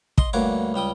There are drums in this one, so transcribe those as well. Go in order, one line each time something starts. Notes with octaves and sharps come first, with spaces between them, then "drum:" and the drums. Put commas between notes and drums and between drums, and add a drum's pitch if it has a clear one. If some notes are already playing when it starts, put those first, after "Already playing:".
D#5 C6, drum: kick
D2 G2 A#3 C#5 F#5 D6
C#2 G3 G5 D#6